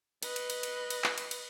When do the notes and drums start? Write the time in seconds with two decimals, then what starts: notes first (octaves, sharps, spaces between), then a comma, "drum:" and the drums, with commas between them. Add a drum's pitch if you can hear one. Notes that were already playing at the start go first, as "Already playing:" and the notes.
0.23 B4 D#5, drum: cymbal
0.36 drum: cymbal
0.50 drum: cymbal
0.63 drum: cymbal
0.90 drum: cymbal
1.04 drum: clap
1.18 drum: cymbal
1.31 drum: cymbal